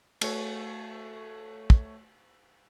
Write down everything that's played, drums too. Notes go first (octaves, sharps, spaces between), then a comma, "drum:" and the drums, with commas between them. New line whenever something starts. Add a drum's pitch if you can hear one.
A3 F#4 C#5, drum: cymbal
drum: kick